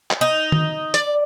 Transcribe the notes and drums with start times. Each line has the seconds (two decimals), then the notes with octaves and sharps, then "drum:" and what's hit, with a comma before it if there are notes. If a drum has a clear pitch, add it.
0.11 drum: clap
0.21 D#4
0.52 drum: tom D#3
0.94 D5, drum: hi-hat